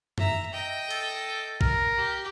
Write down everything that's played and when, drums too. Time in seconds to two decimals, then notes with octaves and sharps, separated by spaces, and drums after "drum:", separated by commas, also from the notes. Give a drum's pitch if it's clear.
0.18 E5 A#5, drum: tom F#2
0.53 D#5 G5
0.91 A4, drum: cymbal
1.61 A#4, drum: kick A#1
1.97 G4